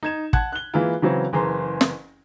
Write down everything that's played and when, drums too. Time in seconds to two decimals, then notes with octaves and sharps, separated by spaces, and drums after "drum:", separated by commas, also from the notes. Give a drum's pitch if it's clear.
0.03 D#4 G#6 E7
0.33 F#5 A5 F#6 G#6, drum: kick
0.52 F#6 G7
0.74 E3 G#3 A#3 E4 F4
1.02 C#3 E3 F#3 C4
1.33 F#1 E3 G#4 A#5 C6
1.81 drum: snare